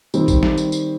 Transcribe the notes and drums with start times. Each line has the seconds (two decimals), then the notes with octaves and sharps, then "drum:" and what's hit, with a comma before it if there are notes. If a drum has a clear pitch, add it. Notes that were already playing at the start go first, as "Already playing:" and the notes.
0.14 D#3 G3 C4, drum: tambourine
0.28 drum: kick, tambourine
0.43 drum: snare
0.57 drum: tambourine
0.72 drum: tambourine